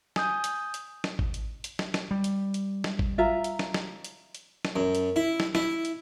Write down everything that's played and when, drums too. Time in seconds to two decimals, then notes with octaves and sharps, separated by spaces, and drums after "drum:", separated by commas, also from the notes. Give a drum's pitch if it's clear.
0.16 G#5 D#6 G6, drum: snare
0.44 drum: hi-hat
0.74 drum: hi-hat
1.04 drum: snare
1.19 drum: kick A1
1.34 drum: hi-hat
1.64 drum: hi-hat
1.79 drum: snare
1.94 drum: snare
2.11 G3
2.24 drum: hi-hat
2.54 drum: hi-hat
2.84 drum: snare
2.99 drum: kick A1
3.18 F4 E5 A#5
3.44 drum: hi-hat
3.59 drum: snare
3.74 drum: snare
4.04 drum: hi-hat
4.35 drum: hi-hat
4.65 drum: snare
4.76 F#2
4.95 drum: hi-hat
5.16 E4
5.40 drum: snare
5.55 E4, drum: snare
5.85 drum: hi-hat